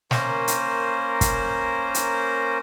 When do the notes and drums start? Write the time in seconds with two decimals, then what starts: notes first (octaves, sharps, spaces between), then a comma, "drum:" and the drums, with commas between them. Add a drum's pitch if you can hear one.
0.11 A#3 C#4 A#4 C5, drum: snare
0.48 drum: hi-hat
1.21 drum: kick, hi-hat
1.94 drum: hi-hat